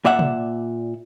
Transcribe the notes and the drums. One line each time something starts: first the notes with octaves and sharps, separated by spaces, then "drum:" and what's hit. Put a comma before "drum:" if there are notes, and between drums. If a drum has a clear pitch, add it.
A#2 D5 E5 F#5
drum: tom